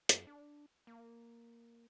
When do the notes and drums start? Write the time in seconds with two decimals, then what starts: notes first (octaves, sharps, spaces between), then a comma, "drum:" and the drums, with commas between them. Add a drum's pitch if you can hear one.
0.09 F#2, drum: hi-hat
0.27 D4
0.87 A#3